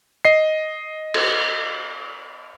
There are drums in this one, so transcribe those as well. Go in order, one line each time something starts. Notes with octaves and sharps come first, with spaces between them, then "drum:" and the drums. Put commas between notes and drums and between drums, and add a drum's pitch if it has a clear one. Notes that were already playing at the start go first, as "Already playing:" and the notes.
D#5 C7
drum: cymbal